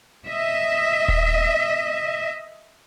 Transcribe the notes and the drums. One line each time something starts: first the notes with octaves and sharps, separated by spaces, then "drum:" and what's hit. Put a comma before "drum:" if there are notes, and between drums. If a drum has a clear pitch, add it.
D#5 E5
drum: kick D#1